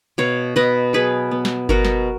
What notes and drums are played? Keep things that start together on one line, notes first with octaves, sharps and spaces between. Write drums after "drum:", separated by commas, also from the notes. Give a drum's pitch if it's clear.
B2 C#5 F5
B2 B4 D#5
F#3 G#4 B4
B3
drum: snare
B2 F#4 A#4, drum: kick G1
drum: snare